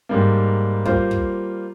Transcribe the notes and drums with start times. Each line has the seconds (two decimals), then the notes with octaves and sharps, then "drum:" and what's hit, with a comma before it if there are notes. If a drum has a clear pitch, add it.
0.09 G#2 G3 A#3
0.85 G3 A#3 F4 C5, drum: kick
1.11 drum: kick